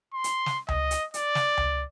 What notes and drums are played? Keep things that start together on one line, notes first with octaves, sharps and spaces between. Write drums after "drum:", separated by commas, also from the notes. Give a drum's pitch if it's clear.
C6
drum: hi-hat
drum: snare
D#5, drum: tom C#2
drum: hi-hat
D5, drum: hi-hat
drum: snare
drum: tom C#2